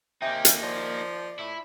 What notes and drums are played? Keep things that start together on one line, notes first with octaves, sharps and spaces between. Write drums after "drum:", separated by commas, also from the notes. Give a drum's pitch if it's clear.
C3 A#3 D#4 E5 G5 G#5 G6
drum: hi-hat
F3 D5
A2 E4